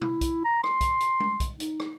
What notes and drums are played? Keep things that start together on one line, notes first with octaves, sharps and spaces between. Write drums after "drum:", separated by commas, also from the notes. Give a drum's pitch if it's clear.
E4, drum: tom
drum: kick B1, hi-hat
A#5
C6, drum: rim click
drum: kick B1, hi-hat
drum: hi-hat
drum: tom G#3
drum: kick B1, hi-hat
D#4, drum: hi-hat
drum: rim click